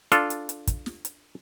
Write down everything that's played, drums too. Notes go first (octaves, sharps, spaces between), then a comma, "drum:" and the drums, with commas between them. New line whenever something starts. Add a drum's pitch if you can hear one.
D4 F4 A4, drum: hi-hat
drum: hi-hat
drum: hi-hat
drum: kick, hi-hat
drum: snare
drum: hi-hat